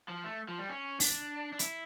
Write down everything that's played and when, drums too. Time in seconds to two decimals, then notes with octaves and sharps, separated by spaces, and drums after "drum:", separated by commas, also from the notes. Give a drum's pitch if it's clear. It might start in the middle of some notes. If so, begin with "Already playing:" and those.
0.08 F3
0.24 A3
0.48 F3
0.59 G3
0.69 C#4
1.00 D4, drum: open hi-hat
1.53 D4
1.59 E4, drum: hi-hat